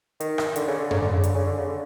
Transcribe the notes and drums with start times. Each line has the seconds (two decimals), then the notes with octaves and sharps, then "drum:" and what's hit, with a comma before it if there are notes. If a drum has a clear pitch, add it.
0.20 D#3, drum: hi-hat
0.38 drum: rim click
0.56 D3, drum: hi-hat
0.68 C#3
0.80 D3
0.91 C#3, drum: tom F#2
1.02 D3
1.13 C#3
1.24 D3, drum: hi-hat
1.35 C#3
1.47 D3
1.58 C#3
1.69 D3